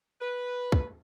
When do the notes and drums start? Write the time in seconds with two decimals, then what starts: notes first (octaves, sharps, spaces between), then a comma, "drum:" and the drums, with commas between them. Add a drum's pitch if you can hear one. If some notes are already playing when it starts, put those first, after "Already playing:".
0.21 B4
0.72 drum: kick